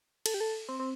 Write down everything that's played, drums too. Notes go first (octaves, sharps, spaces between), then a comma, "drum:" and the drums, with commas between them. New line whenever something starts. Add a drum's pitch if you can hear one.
A4, drum: cymbal
G4
A4
C4
C4